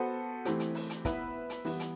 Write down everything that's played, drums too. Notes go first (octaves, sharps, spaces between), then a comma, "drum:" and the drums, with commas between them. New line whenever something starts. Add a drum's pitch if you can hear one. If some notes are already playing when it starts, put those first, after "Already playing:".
Already playing: B3 F#4 A4 C5
E3 A3 C4 G4, drum: hi-hat
drum: hi-hat
drum: open hi-hat
drum: hi-hat
B3 E4 B4 E5, drum: kick, hi-hat
drum: hi-hat
E3 G3 B3 E4, drum: open hi-hat
drum: hi-hat